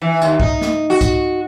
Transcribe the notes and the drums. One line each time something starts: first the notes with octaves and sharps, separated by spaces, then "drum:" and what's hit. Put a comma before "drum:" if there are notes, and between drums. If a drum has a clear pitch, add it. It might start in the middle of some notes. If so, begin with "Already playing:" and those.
E3
D#2, drum: tambourine
D#4, drum: kick
drum: snare
F#4
drum: kick, tambourine